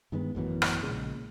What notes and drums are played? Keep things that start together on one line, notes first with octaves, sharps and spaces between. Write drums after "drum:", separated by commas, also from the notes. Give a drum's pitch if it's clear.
G2 D#3 G#3 B3
A1 F#2 B2 E3
drum: rim click
A#1 A#2 C#3 G#3